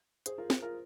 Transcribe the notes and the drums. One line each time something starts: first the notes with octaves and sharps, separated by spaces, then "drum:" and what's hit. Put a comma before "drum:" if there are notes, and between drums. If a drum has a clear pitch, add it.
G#4 C5, drum: hi-hat
F4 A#4
G#4 C5, drum: snare
F4 A#4